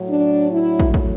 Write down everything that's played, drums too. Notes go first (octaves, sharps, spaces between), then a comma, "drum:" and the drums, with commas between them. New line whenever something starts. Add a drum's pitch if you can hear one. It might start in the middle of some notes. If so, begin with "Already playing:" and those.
Already playing: A2 F#3
D4
E4
drum: kick
drum: kick